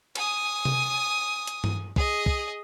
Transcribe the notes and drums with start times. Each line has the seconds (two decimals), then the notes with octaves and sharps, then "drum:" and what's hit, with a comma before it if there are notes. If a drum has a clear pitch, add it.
0.16 G#5 D#6, drum: cymbal
0.65 drum: tom C3
1.47 drum: hi-hat
1.64 drum: tom G2
1.96 G#4 D#5, drum: kick
2.26 drum: kick